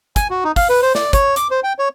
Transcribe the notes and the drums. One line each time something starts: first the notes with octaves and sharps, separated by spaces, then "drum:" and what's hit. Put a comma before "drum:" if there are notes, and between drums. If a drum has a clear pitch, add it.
G#5, drum: kick, hi-hat
F#4
D#4
F5, drum: kick, open hi-hat
B4
C5
D5, drum: snare
C#5, drum: kick, hi-hat
D6, drum: hi-hat
C5
G5
C#5